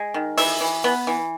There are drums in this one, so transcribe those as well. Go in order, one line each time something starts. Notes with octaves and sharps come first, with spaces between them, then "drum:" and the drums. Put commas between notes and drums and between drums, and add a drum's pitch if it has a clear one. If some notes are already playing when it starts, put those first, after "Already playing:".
Already playing: G#3
D#3
E3 E5, drum: open hi-hat
E3
B3
E3